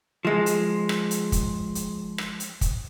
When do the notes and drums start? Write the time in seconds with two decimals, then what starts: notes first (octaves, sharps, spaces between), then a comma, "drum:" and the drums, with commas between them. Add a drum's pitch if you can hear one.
0.25 F3 G#3
0.46 drum: hi-hat
0.89 drum: rim click
1.11 drum: hi-hat
1.32 drum: kick, hi-hat
1.75 drum: hi-hat
2.18 drum: rim click
2.40 drum: hi-hat
2.61 drum: kick, hi-hat